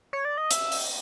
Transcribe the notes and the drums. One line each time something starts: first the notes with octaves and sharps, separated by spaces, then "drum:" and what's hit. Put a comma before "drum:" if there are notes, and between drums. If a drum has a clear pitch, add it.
C#5
D5
D#5
E5, drum: hi-hat
drum: open hi-hat